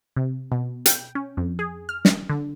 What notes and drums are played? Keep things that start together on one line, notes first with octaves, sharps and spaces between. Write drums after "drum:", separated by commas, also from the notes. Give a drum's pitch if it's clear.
C3
B2
G5, drum: hi-hat
C#4
F2
G#4
F6
drum: snare
D3